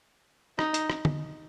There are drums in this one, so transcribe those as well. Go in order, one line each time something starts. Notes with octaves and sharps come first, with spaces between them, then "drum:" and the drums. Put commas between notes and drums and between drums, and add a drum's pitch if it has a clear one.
D#4, drum: rim click
drum: hi-hat
drum: rim click
drum: tom D3